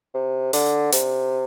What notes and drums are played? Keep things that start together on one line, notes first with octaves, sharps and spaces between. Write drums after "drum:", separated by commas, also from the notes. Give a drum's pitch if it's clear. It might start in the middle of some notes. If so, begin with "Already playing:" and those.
C3
D3, drum: open hi-hat
C3, drum: hi-hat